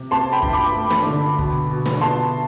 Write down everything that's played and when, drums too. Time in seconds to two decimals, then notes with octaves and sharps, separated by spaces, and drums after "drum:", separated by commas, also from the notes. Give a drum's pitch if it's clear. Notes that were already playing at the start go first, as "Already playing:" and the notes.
Already playing: C3
0.11 C4 A5 C6
0.32 G5 B5
0.42 G2, drum: kick
0.53 B5 D6
0.74 A3
0.90 drum: snare
1.06 D3
1.39 B2, drum: kick
1.70 B2
1.86 drum: snare
2.01 B3 A5 C6